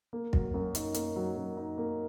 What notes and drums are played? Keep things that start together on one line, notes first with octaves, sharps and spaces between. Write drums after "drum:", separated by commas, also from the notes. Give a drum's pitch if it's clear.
A#3
F#3, drum: kick
F#2
D#4, drum: hi-hat
A#3, drum: hi-hat
F#3
F#2
D#4
A#3